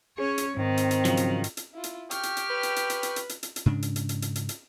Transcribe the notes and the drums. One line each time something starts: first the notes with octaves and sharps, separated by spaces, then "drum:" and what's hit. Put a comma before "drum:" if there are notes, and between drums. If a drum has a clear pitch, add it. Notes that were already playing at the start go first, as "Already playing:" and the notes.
C#4 G#4 C#5
drum: hi-hat
G#2 D#3 C4
drum: hi-hat
drum: hi-hat
C#3 F3 F#3, drum: hi-hat
drum: hi-hat
drum: hi-hat
drum: hi-hat
E4 F4
drum: hi-hat
G4 G5 C#6 F6, drum: hi-hat
drum: hi-hat
drum: hi-hat
B4
drum: hi-hat
drum: hi-hat
drum: hi-hat
drum: hi-hat
drum: hi-hat
drum: hi-hat
drum: hi-hat
drum: hi-hat
G#2 C#3 D4
drum: hi-hat
drum: hi-hat
drum: hi-hat
drum: hi-hat
drum: hi-hat
drum: hi-hat